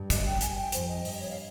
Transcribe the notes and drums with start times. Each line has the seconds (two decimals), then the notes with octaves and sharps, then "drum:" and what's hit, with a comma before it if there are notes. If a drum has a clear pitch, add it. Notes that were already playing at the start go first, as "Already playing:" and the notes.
Already playing: G2
0.10 D#5, drum: kick, hi-hat
0.25 G5
0.41 G#5, drum: hi-hat
0.57 G5
0.72 F2 C5, drum: hi-hat
0.88 D#5
1.05 G2 D#5, drum: open hi-hat
1.21 C#5
1.30 F5